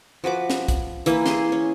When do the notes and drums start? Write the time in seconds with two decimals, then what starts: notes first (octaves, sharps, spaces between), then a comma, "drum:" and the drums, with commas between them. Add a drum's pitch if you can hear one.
0.24 F3 F#4 B4 D6
0.50 drum: snare
0.68 drum: kick, hi-hat
1.06 E3 A#3 E4, drum: hi-hat
1.26 G#4 C6, drum: snare
1.52 C#4